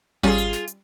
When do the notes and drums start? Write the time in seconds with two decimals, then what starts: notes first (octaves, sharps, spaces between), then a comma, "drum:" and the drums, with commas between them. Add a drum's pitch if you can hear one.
0.23 G3 C#4 F4 G#4, drum: kick G#1
0.38 drum: hi-hat
0.53 drum: snare
0.67 drum: hi-hat